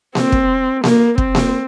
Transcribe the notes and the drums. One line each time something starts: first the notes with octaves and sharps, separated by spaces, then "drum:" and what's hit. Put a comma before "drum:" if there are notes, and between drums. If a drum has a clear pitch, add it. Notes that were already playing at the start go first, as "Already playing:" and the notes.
C4, drum: snare A#3
drum: kick
A#3, drum: snare A#3
C4, drum: kick
drum: snare A#3